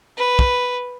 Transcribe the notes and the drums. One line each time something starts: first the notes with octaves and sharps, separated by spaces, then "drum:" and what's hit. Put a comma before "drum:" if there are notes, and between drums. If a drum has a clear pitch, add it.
B4
drum: kick